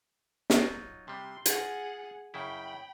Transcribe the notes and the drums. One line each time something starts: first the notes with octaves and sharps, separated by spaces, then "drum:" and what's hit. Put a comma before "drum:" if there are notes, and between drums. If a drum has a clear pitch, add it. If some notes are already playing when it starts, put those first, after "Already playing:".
F#3 D#4 F4, drum: snare
C3 G3 C6
F4 G#4 F#5 A#5, drum: hi-hat
F#2 C#3 E4 G5 B5